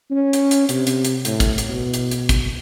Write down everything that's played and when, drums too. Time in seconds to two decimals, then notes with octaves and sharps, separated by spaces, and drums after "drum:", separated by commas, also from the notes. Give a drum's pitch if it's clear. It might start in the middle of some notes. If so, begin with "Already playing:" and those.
0.10 C#4
0.33 drum: hi-hat
0.51 drum: hi-hat
0.69 C3, drum: hi-hat
0.87 drum: hi-hat
1.05 drum: hi-hat
1.25 A2, drum: hi-hat
1.40 drum: kick, hi-hat
1.58 drum: hi-hat
1.69 B2
1.94 drum: hi-hat
2.11 drum: hi-hat
2.29 drum: kick, hi-hat